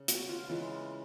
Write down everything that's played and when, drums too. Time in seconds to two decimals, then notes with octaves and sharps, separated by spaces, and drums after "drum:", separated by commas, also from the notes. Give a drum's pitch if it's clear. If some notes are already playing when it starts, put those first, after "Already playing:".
Already playing: C#3
0.08 F#4, drum: hi-hat
0.29 F4
0.49 C#3 E3 G#3 F4